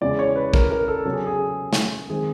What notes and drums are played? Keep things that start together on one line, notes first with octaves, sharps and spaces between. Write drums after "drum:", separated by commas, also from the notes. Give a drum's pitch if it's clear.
E2 C#3 E3 G#3 D5
C#5
B4
A#4, drum: kick
A#4
A4
C#3 F#3 B3 A4
G#4
G#4
drum: snare
D#3 G#3 C4 G#4